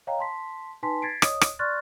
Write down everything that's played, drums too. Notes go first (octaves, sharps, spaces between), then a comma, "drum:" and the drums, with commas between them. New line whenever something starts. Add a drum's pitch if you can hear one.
C#5 D#5 F5 G5 A#5
A5 C6 B6
D#4 B4 G#5 A5 C6 B6
G#6 A6 B6 C7 D7
C#5 D#5 D#6, drum: rim click
drum: rim click
D5 C6 C#6 F6 F#6 A6